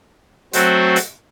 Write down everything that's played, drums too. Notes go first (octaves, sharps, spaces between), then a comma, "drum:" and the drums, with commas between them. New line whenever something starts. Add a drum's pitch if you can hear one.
F#3 A3 C4 F#4 C5, drum: hi-hat
drum: hi-hat